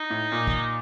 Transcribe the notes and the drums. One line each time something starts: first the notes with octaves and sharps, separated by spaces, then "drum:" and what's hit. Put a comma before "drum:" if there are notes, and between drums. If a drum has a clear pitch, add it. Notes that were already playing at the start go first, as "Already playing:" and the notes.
Already playing: D#4
A2
A#2
drum: kick